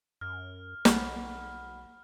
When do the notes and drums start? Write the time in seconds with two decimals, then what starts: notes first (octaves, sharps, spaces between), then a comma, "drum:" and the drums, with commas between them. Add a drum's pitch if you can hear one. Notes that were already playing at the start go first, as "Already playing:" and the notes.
0.21 F#2 F6
0.85 B1 F#5 B5, drum: snare